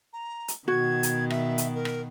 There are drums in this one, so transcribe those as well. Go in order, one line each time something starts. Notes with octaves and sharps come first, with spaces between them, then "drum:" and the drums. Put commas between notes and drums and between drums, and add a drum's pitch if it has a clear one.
A#5
drum: hi-hat
B2 D#3 F#4 G#6
drum: hi-hat
E5, drum: rim click
drum: hi-hat
A#4
drum: rim click